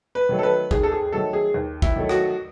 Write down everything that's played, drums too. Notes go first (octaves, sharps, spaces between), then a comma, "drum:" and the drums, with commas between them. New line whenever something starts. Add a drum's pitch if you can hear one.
B4
D#3 F#3 A3
A4
B4
D#2 G#4, drum: kick
A4
G#4
D#3 F#3 A3 A4
G#4
D#2
E4, drum: kick
D#3 F#3 A3
F#4, drum: rim click